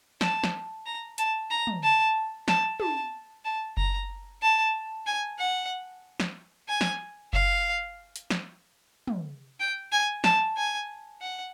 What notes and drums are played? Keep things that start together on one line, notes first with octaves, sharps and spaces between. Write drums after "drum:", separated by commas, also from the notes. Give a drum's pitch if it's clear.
A5, drum: snare
drum: snare
A#5
A5, drum: hi-hat
A#5
drum: tom
A5
A5, drum: snare
A5, drum: tom
A5
A#5, drum: kick F#1
A5
G#5
F#5
drum: snare
G#5
drum: snare
F5, drum: kick F#1
drum: hi-hat
drum: snare
drum: tom
G5
G#5
A5, drum: snare
G#5
F#5